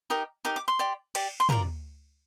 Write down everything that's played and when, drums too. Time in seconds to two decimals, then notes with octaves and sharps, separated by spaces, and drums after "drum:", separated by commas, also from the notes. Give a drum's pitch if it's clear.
0.10 D#4 G4 A#4 D#6
0.45 D#4 G4 A#4 D6
0.56 D6
0.68 C6
0.79 G4 D5
1.15 G4 D5, drum: cymbal
1.40 C6
1.49 F4 A#4 D5 A#5, drum: tom